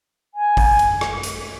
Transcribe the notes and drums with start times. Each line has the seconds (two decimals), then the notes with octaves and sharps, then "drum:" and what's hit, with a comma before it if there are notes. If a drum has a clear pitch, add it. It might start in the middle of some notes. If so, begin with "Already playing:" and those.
0.35 G#5
0.57 drum: kick, open hi-hat
0.79 drum: hi-hat
1.01 drum: rim click
1.23 drum: hi-hat